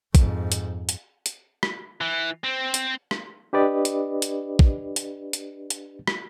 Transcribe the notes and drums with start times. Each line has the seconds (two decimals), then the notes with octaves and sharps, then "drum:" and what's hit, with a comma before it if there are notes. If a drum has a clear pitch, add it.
0.15 F2 G#2, drum: kick, hi-hat
0.52 drum: hi-hat
0.89 drum: hi-hat
1.26 drum: hi-hat
1.63 drum: rim click
2.01 E3
2.44 C4
2.74 drum: hi-hat
3.11 drum: rim click
3.53 D4 G4 B4 D5 D#5
3.85 drum: hi-hat
4.22 drum: hi-hat
4.59 drum: kick
4.96 drum: hi-hat
5.33 drum: hi-hat
5.70 drum: hi-hat
6.07 drum: rim click